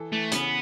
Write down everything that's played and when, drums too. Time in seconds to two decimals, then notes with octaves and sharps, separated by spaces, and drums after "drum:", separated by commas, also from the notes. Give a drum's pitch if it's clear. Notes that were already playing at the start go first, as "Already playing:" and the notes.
Already playing: E3 A4
0.12 E3 A3
0.32 C#3 B3, drum: hi-hat